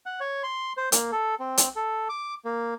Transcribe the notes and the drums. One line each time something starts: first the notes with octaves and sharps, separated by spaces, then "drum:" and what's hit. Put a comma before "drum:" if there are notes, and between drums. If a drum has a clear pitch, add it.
F#5
C#5
C6
C5
A#3, drum: hi-hat
A4
C4
drum: hi-hat
A4
D6
A#3